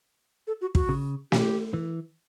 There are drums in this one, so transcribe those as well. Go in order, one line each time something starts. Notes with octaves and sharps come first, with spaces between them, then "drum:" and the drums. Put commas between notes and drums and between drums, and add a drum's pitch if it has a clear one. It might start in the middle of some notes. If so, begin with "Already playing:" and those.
A4
F#4
F#4, drum: kick
C#3
G4, drum: snare
E3